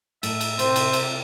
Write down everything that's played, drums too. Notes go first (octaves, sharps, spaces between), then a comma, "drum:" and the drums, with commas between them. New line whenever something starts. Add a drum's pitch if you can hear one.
A2 E5, drum: cymbal
drum: cymbal
C3 C5, drum: cymbal
drum: cymbal
drum: cymbal